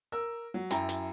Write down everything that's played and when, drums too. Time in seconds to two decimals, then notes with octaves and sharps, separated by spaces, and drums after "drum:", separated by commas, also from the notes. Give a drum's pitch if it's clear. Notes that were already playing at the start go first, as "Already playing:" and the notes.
0.12 A#4 E6
0.54 F#3
0.70 F#2 E4 G5 A#5, drum: hi-hat
0.89 drum: hi-hat